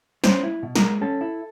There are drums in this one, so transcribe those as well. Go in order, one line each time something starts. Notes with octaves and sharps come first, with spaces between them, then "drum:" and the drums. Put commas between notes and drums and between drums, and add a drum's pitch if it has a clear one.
C#4 C5, drum: snare
E4
B2
A#4, drum: snare
G#3
C#4 A4
E4